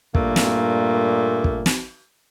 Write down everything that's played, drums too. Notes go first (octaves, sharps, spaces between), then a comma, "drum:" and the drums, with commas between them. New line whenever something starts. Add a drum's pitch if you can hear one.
G2 A#2 A3 A#3, drum: kick
drum: snare
drum: kick
drum: snare